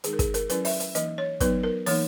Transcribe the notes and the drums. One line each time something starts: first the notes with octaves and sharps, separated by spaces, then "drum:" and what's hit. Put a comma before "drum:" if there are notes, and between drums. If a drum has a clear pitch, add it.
D#3 G#3 D#4 G#4, drum: hi-hat
A#4
G#4, drum: kick, hi-hat
A#4, drum: hi-hat
F#3 C#4 E4 B4, drum: hi-hat
E5, drum: open hi-hat
drum: hi-hat
E3 A#3 D#4 D#5, drum: hi-hat
C#5
F#3 B3 D#4 B4, drum: kick, hi-hat
A#4
E3 A#3 D#4 C#5, drum: open hi-hat